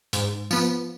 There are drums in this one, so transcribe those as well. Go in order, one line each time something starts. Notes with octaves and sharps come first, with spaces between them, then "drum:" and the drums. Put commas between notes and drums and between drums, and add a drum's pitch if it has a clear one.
G#2, drum: hi-hat
F3 B3, drum: tambourine